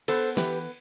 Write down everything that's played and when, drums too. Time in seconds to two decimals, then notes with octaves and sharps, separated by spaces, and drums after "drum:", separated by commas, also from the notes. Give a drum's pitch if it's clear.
0.08 B3 A4 C5, drum: cymbal
0.37 E3 G4 B4, drum: snare